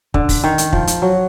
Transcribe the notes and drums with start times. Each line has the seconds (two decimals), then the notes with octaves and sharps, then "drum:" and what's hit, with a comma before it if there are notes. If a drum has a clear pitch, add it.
0.14 D3, drum: kick
0.29 drum: kick, open hi-hat
0.44 D#3
0.58 drum: hi-hat
0.73 F3, drum: kick
0.87 drum: hi-hat
1.02 F#3